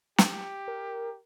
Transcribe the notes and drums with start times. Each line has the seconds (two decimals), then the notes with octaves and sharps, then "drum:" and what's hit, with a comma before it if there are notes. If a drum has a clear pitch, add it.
0.18 G4, drum: snare
0.68 A#4